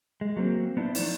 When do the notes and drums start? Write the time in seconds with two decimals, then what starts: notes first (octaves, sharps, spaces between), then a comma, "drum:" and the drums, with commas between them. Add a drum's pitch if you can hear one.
0.21 G#3
0.36 F#3 A#3 C4
0.77 B3 D4 E4 F4 C5
0.95 F3 D#4 C5 D5, drum: open hi-hat